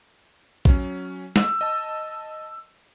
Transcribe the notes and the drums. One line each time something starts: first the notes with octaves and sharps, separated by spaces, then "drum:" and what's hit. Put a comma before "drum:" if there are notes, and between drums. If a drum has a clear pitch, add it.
F#3 C#4, drum: kick A#1
E6, drum: snare
D#5 A5